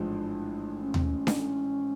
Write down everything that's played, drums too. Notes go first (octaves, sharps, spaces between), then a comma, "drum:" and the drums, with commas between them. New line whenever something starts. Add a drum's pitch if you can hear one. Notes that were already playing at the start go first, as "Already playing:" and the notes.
Already playing: A1 G#2 F3 G#3 D4
C#4
C4, drum: tom D#2
C#4
drum: snare D4